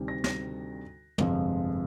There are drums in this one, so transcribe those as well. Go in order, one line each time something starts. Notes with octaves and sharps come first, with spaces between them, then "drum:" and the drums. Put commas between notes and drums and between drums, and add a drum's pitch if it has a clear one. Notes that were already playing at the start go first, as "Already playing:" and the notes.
Already playing: D2 C3 D#3 G3
A#6
A#6, drum: snare
G1 F2 C3 F3 G#3, drum: tom